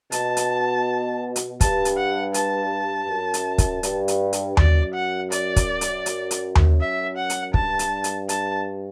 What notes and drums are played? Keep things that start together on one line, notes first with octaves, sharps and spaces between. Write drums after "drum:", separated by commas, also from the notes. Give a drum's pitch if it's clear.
B2 A5, drum: hi-hat
drum: hi-hat
drum: hi-hat
G2 A5, drum: kick, hi-hat
drum: hi-hat
F#5
A5, drum: hi-hat
F#2
drum: hi-hat
drum: kick, hi-hat
G2, drum: hi-hat
drum: hi-hat
drum: hi-hat
F#2 D5, drum: tom D#2
F#5
D5, drum: hi-hat
drum: kick, hi-hat
drum: hi-hat
drum: hi-hat
drum: hi-hat
drum: tom D#2
E5
F#5
drum: hi-hat
G2 A5, drum: kick
drum: hi-hat
drum: hi-hat
A5, drum: hi-hat